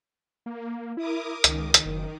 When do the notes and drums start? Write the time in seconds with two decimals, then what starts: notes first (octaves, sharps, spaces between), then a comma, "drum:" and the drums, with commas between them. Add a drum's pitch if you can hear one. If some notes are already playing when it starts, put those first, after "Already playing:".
0.46 A#3
0.97 E4 A#4 D6 D#6
1.44 C#2 D#3, drum: hi-hat
1.74 drum: hi-hat
1.86 F#1